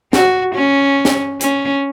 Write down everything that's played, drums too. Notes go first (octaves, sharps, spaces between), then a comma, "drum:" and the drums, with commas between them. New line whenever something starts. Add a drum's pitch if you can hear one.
F#4, drum: snare
C#4
drum: snare
C#4, drum: hi-hat